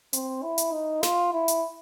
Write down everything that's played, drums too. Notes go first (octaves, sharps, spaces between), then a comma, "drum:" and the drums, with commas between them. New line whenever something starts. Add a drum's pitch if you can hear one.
C4, drum: hi-hat
E4
drum: hi-hat
D#4
F4, drum: snare
E4
drum: hi-hat